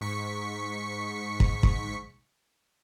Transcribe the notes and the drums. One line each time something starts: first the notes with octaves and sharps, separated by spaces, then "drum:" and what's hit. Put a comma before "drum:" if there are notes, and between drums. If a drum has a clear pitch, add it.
G#2 C#6 B6 C#7
drum: kick
drum: kick